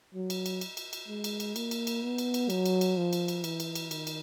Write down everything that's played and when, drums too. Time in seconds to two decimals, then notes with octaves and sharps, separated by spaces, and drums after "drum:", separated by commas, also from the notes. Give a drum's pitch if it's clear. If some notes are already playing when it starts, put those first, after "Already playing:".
0.14 F#3
0.30 drum: cymbal
0.46 drum: cymbal
0.61 drum: cymbal
0.77 drum: cymbal
0.93 drum: cymbal
1.08 G#3
1.24 drum: cymbal
1.40 drum: cymbal
1.56 A#3, drum: cymbal
1.71 drum: cymbal
1.87 drum: cymbal
2.03 B3
2.18 drum: cymbal
2.34 drum: cymbal
2.50 F#3, drum: cymbal
2.66 drum: cymbal
2.81 drum: cymbal
2.97 F3
3.13 drum: cymbal
3.28 drum: cymbal
3.44 E3, drum: cymbal
3.60 drum: cymbal
3.75 drum: cymbal
3.91 D#3, drum: cymbal
4.07 drum: cymbal